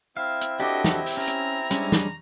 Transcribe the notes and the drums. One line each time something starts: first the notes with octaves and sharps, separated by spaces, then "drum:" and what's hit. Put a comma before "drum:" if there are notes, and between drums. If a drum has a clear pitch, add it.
C4 E4 E5 F5
drum: hi-hat
D4 F#4 G4 A4 D#5
drum: snare
drum: open hi-hat
C#4 A#5
drum: hi-hat
G3 G#3 C#4 D4, drum: hi-hat
drum: snare